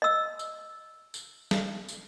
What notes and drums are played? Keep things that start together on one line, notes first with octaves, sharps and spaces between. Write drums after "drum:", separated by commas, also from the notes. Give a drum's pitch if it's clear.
D#5 E6
drum: tambourine
drum: tambourine
drum: snare
drum: tambourine